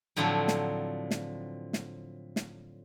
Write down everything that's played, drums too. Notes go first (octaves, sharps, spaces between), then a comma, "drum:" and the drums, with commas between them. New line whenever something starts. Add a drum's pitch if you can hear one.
A2 D3 F3 F#3 C4
drum: snare
drum: snare
drum: snare
drum: snare